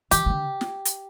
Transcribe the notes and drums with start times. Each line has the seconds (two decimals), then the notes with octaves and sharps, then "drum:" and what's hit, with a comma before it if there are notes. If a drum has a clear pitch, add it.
0.11 E3 G4, drum: hi-hat
0.26 D#3
0.30 D3
0.61 drum: snare
0.85 drum: hi-hat